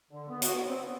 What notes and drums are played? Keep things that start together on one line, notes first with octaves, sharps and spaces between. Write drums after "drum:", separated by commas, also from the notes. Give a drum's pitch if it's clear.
D3
B3
F#4, drum: hi-hat
B3
C4
B3